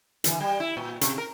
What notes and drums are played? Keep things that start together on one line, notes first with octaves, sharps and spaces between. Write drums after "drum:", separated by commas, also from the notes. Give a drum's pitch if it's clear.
D3 E3, drum: hi-hat
G3
E4
A#2
C3, drum: hi-hat
A#4